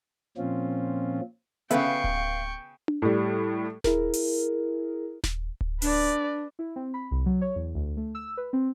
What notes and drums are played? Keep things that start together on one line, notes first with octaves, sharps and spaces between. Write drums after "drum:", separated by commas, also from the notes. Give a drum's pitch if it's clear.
A#2 F3 C4 C#4 F4
C#3 B3 A4 B4 E5 F5 G5 C#6, drum: hi-hat
drum: kick D1
drum: tom D4
A2 G3
E4 G#4 A#4, drum: snare D#1
drum: open hi-hat
drum: snare D#1
drum: kick D1
D4 B4 D5, drum: open hi-hat
E4
C4
B5
C2
F#3
C#5
E2
D2
A3
E6
B4
C4